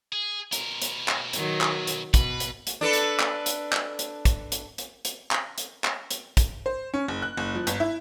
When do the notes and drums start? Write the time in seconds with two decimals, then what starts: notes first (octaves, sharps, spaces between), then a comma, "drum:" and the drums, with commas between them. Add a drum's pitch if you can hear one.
0.13 G#4
0.52 B2 A#4, drum: hi-hat
0.82 drum: hi-hat
1.08 drum: clap
1.33 D#3 F#3, drum: hi-hat
1.61 drum: clap
1.87 drum: hi-hat
2.14 B2 B4, drum: kick, hi-hat
2.40 drum: hi-hat
2.67 drum: hi-hat
2.81 D4 A4 B4
2.93 drum: hi-hat
3.20 drum: clap
3.46 drum: hi-hat
3.73 drum: clap
3.99 drum: hi-hat
4.25 drum: kick, hi-hat
4.52 drum: hi-hat
4.78 drum: hi-hat
5.05 drum: hi-hat
5.31 drum: clap
5.58 drum: hi-hat
5.84 drum: clap
6.11 drum: hi-hat
6.37 drum: kick, hi-hat
6.66 C5
6.94 C#4
7.08 F#1
7.22 F#6
7.37 F#1
7.55 F3
7.67 G1, drum: hi-hat
7.80 E4